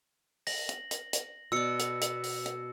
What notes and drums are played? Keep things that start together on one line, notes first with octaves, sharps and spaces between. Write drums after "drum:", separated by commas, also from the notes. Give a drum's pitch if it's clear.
A#6 F#7, drum: open hi-hat
drum: hi-hat
drum: hi-hat
drum: hi-hat
B2 D5 E6 C#7
drum: hi-hat
drum: hi-hat
drum: open hi-hat
drum: hi-hat